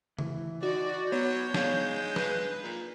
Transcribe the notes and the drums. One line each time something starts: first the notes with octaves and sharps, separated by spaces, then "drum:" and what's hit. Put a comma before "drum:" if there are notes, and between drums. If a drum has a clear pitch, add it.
E3, drum: tom C#3
D#4 F#4 D5
F#3 B3 C#5 G6
G#3 D4 D#4 F5, drum: snare
B4, drum: snare
A#2